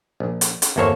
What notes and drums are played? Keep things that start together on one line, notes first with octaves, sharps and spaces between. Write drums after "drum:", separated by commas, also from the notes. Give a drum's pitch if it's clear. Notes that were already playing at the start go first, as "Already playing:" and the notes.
A#1
drum: hi-hat
drum: hi-hat
G1 E2 A#3 A4 C5 C#5